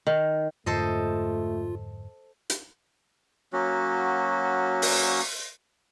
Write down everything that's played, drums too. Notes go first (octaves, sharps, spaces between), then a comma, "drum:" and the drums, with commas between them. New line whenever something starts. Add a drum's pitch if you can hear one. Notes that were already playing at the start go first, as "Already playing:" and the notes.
D#3
F2 G#2 D3 A3 F4 A4 C5 D#5
drum: hi-hat
F#3 A#3 C#4 F#4
drum: open hi-hat